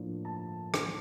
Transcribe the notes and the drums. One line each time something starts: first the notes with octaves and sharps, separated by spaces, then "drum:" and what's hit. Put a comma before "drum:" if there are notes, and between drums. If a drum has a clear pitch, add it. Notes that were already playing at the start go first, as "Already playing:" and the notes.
Already playing: A2 F3 A#3 D4
A5
drum: rim click